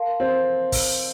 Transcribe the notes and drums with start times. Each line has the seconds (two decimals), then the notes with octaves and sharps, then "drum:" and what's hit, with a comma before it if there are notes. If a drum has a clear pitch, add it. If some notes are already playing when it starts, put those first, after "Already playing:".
Already playing: A#4 F5 A5 C6
0.20 C4
0.72 drum: kick, open hi-hat